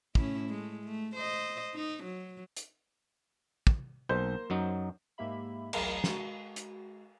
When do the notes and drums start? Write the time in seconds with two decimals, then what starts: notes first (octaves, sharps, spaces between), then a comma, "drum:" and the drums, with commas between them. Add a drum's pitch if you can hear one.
0.15 A2 C#4 E4, drum: kick
0.50 G#3 A3
0.84 A3
1.16 C5 D#5
1.74 D#4
2.04 F#3
2.57 drum: hi-hat
3.67 drum: kick
4.09 B1 A#3 C5 G6
4.50 F#2 F#3 D#4
5.18 G#2 G#3 A#3 G4 E5 B5
5.73 A1 D2 F#3 G#4 A#4 D#5, drum: cymbal
6.04 G#3 F#4, drum: snare
6.56 drum: hi-hat